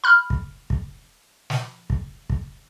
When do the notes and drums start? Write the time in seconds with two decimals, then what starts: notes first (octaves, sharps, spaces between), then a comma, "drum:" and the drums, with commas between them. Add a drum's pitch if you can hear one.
0.04 B5 F6
0.30 drum: kick
0.70 drum: kick
1.50 drum: snare
1.90 drum: kick
2.30 drum: kick